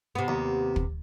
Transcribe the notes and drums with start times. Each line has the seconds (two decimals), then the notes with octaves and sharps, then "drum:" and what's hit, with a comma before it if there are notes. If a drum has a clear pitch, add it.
0.15 C3 B3
0.28 D#2
0.76 drum: kick